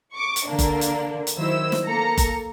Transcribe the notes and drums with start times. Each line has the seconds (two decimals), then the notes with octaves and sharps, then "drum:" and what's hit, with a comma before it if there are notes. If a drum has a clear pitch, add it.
0.13 C#6 D6
0.36 drum: hi-hat
0.47 D3 A#3 D4
0.59 drum: kick F#1, hi-hat
0.81 drum: hi-hat
1.27 drum: hi-hat
1.37 D#3 F#3 E4 C5 E6
1.72 drum: snare
1.86 A#3 A4 A#5 C#7
2.18 drum: kick F#1, hi-hat